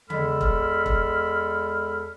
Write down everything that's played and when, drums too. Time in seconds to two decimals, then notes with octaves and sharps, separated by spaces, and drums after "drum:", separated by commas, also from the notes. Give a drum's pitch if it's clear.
0.10 E2 G#3 A4 B5 F6, drum: tom C#3
0.41 drum: kick E1
0.86 drum: kick E1